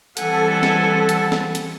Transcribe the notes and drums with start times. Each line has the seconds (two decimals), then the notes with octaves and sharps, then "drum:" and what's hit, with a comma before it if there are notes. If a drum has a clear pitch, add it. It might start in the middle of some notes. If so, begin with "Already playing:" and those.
0.17 E3 G3 C4 A4 F#5 G#5, drum: hi-hat
0.63 drum: snare
1.09 drum: hi-hat
1.32 drum: snare
1.55 drum: hi-hat